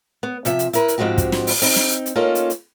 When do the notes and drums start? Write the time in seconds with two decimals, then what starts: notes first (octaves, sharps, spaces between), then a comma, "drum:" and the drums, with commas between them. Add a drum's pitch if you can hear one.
0.23 B3
0.45 C3 F3 E5, drum: hi-hat
0.59 drum: hi-hat
0.73 E4 A#4 B4, drum: hi-hat
0.88 drum: hi-hat
0.98 G#2 F3 G#3 C4 F#4 G4
1.18 drum: kick, hi-hat
1.32 drum: snare
1.47 drum: open hi-hat
1.62 C4 D#4, drum: open hi-hat
1.76 drum: snare
1.91 drum: hi-hat
2.06 drum: hi-hat
2.15 A#3 C#4 D#4 F4 A4
2.35 drum: hi-hat
2.50 drum: hi-hat